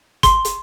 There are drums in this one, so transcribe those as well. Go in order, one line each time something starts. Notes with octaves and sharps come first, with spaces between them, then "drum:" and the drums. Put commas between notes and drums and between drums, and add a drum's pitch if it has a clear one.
C6, drum: kick, hi-hat
drum: hi-hat